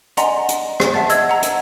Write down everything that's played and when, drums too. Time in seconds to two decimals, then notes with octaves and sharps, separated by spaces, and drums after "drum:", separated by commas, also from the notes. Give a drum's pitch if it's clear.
0.17 D5 D#5 F#5 G#5 A#5 C6, drum: hi-hat
0.48 drum: hi-hat
0.80 drum: rim click
0.94 E5 F#5 A5 A6
1.09 D#5 E6 G#6, drum: hi-hat
1.29 F#5 A#5
1.42 drum: hi-hat